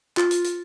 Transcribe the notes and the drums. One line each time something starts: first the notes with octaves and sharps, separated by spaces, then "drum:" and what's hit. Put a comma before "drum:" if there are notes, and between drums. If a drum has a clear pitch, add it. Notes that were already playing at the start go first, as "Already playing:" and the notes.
F4, drum: clap
drum: hi-hat
drum: hi-hat